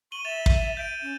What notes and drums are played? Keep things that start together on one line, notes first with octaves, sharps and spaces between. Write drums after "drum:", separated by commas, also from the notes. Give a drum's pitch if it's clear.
C#6 D#7 F#7 G7
E5 A6 E7 F7
drum: kick
G6 D7 D#7
C#4